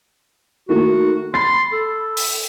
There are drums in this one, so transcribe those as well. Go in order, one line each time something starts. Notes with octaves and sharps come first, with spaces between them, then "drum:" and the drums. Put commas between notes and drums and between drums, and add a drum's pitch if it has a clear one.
D#3 A3 A#3 F#4
B5 C6 A6
A4
drum: open hi-hat